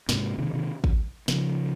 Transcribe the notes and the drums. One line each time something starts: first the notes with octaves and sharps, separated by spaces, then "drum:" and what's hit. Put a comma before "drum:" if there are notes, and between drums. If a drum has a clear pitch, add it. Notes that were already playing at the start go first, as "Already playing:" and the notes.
G#2 C3, drum: snare
C3 D#3
C3 D#3
drum: kick
C#3 F3, drum: snare